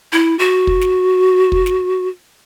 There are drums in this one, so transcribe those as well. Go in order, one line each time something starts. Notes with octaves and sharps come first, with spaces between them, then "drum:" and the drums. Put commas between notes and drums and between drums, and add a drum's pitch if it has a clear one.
E4
F#4
drum: kick
drum: snare
drum: kick
drum: snare